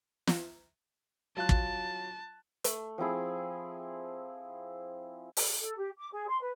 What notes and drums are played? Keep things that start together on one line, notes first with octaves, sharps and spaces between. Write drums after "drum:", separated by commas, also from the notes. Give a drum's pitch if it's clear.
drum: snare
F#3 F4 A5 F#6
drum: kick
A3, drum: hi-hat
F3 C4 E4 G#4
drum: open hi-hat
A4
G4
D6
G#4
C6
B4